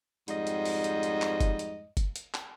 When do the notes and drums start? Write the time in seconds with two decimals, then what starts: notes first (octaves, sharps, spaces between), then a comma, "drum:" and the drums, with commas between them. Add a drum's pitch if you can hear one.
0.28 F2 G#2 G3 D#5, drum: hi-hat
0.47 drum: hi-hat
0.65 drum: open hi-hat
0.84 drum: hi-hat
1.03 drum: hi-hat
1.22 drum: clap
1.41 drum: kick F#1, hi-hat
1.59 drum: hi-hat
1.97 drum: kick F#1, hi-hat
2.16 drum: hi-hat
2.34 drum: clap